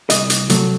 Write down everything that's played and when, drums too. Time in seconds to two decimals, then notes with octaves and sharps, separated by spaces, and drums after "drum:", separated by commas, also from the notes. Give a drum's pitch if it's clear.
0.10 C2 D#5, drum: hi-hat
0.30 drum: hi-hat
0.50 C3 F#3 A3, drum: hi-hat